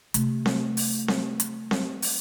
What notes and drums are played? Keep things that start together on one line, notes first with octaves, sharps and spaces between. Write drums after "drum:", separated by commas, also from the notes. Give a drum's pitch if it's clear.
C3 A3, drum: hi-hat
drum: snare C4
drum: open hi-hat
drum: snare C4
drum: hi-hat
drum: snare C4
drum: open hi-hat